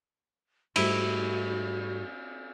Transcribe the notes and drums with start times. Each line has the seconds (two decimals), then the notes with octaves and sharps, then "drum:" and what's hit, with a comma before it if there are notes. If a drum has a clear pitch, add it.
0.76 G#2 G3 A3 E4 F#4, drum: cymbal